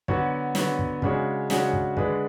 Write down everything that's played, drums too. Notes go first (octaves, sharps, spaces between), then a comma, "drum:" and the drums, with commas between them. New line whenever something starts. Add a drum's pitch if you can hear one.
D3 F#3 B3 F#4 C#5, drum: kick
D3 F#3 B3 F#4 C#5, drum: snare
drum: kick
C#3 G#3 D4 F#4 C#5, drum: kick
C#3 G#3 D4 F#4 C#5, drum: snare
drum: kick
D3 G#3 D4 G#4 B4, drum: kick